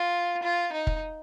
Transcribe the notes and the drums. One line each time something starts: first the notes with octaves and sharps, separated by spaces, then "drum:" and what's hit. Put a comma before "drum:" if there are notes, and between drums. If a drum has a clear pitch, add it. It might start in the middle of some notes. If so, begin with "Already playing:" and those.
Already playing: F4
F4
D#4
drum: kick